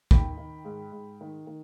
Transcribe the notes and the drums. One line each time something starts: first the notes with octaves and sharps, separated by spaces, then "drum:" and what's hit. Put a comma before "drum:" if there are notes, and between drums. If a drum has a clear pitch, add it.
D#3 G5 B5, drum: kick
D#3
G#2
G#2
D#3
D#3